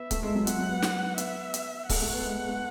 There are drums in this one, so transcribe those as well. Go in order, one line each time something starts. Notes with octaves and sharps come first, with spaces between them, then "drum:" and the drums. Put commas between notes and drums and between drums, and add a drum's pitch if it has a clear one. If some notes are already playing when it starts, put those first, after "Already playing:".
Already playing: B3 E5
A3, drum: kick C#1, hi-hat
G#3
F#3
F#3 F#5, drum: hi-hat
F#3
B3
drum: snare
B3 E5, drum: hi-hat
drum: hi-hat
A3 F#5, drum: kick C#1, open hi-hat
A3
B3
G#3
G#3
A3